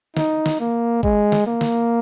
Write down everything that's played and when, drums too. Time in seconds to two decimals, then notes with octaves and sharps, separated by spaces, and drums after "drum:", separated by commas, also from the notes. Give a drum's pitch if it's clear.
0.17 D#4, drum: snare
0.46 drum: snare
0.60 A#3
1.03 G#3, drum: kick G#1
1.32 drum: snare
1.46 A#3
1.61 drum: snare